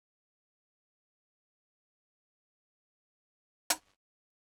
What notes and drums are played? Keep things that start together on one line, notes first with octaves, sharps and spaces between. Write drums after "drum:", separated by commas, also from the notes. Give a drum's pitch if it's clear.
D3
C#3
G#2
A2
G#2
A2
G#3
A3
drum: hi-hat
A3